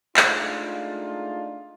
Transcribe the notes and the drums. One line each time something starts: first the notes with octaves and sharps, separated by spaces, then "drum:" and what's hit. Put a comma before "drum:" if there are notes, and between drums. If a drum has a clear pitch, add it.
G#3 A3 D4 D#4 F4, drum: clap